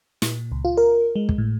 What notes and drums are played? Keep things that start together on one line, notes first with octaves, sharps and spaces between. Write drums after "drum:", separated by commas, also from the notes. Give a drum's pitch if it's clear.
A#2, drum: snare
C#2
F4
A#4
G#3
drum: kick
A2